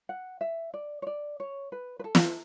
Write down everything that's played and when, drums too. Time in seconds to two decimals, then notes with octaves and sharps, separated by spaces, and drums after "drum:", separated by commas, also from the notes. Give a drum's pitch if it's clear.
0.09 F#5
0.41 E5
0.74 D5
1.02 C#5
1.07 D5
1.40 C#5
1.72 B4
1.99 B4
2.04 A4
2.15 drum: snare